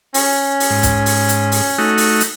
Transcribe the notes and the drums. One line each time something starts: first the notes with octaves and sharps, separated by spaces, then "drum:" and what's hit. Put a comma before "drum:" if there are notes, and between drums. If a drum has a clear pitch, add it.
C#4, drum: open hi-hat
drum: open hi-hat
G#2
drum: kick B1, hi-hat
drum: open hi-hat
drum: hi-hat
drum: open hi-hat
A3 D#4 F#4
drum: open hi-hat
drum: hi-hat